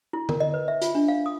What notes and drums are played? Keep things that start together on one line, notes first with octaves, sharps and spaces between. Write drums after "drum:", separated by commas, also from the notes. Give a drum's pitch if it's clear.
E4
A#4, drum: tom D3
D#5
B4
E5
F4, drum: hi-hat
D4
F5
D#6